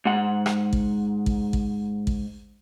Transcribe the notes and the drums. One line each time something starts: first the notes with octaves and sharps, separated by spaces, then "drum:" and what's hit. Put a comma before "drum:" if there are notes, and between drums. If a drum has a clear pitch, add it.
G#2 F#5
drum: rim click
drum: kick A1
drum: kick A1
drum: kick A1
drum: kick A1